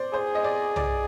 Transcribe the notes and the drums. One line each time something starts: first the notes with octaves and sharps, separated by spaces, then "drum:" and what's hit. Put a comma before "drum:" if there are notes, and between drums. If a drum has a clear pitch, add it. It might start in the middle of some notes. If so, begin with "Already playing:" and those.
Already playing: C5 D5
G#4 C5
D#5
D5
D5, drum: tom B1